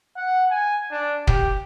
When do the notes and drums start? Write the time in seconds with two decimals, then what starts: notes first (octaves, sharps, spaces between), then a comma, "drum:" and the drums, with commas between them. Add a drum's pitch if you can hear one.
0.16 F#5
0.51 G#5
0.91 D4
1.27 G4, drum: kick